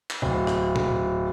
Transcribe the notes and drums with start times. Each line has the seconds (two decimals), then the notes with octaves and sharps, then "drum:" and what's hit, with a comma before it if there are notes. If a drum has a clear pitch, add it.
0.10 drum: clap
0.22 D1
0.47 drum: rim click
0.76 drum: tom A2